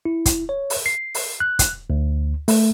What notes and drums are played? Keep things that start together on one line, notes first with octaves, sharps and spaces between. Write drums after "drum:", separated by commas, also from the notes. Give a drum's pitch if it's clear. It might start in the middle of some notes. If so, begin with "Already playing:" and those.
E4
drum: kick, hi-hat
C#5
drum: open hi-hat
C7
drum: open hi-hat
F#6
drum: kick, hi-hat
D2
A3, drum: open hi-hat